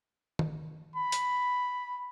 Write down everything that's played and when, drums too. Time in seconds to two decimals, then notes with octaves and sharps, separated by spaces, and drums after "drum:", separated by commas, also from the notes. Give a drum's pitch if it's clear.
0.39 drum: tom
0.96 B5
1.12 drum: hi-hat